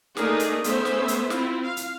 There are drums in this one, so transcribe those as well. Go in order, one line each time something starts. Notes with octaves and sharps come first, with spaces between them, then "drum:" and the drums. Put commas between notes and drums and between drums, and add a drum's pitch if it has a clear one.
A3 A#3 D4 D#4 G#4 A#4, drum: snare
drum: hi-hat
A3 B3 C#4 C5 E5, drum: hi-hat
drum: snare
drum: hi-hat
C4 E4 F4, drum: snare
F5
drum: hi-hat